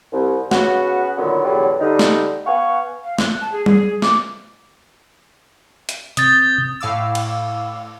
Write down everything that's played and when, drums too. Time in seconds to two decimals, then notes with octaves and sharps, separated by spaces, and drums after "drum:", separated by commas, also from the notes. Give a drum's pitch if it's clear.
0.12 C2
0.51 C#3 B3 C#4 F#4, drum: snare
1.17 A#2 D3 D#3 F#3 B3
1.44 E2 A2 D3 F#3 G3 B3
1.80 D3 G3 D#4
1.99 drum: snare
2.46 B3 F5 F#5 G#5 C#6
3.04 F5
3.18 F#6, drum: snare
3.41 A5
3.52 G#4
3.66 G#4, drum: tom G3
4.02 D6, drum: snare
5.89 drum: hi-hat
6.17 C3 D#6 G6 A6, drum: hi-hat
6.81 A2 F5 D6 E6
7.15 drum: cymbal